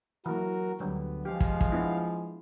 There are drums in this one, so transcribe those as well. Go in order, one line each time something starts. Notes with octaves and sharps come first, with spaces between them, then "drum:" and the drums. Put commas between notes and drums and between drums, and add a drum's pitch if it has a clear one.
E3 F#3 A#3 F#4 A#4
D2 D3 F#3 G3 B3
F3 G#3 G4 F5
drum: kick
drum: kick
B3 D4 E4